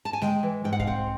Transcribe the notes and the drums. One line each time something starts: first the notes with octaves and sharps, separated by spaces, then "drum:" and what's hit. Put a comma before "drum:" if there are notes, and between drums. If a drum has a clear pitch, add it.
A5
G#5
G#3 G5, drum: snare G#3
E3
G#2 G5
F#5
F5, drum: kick
C4 F#5